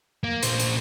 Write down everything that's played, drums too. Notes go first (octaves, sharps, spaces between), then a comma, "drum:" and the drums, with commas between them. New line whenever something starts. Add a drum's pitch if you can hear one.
A#3
A#2 C5, drum: hi-hat
drum: hi-hat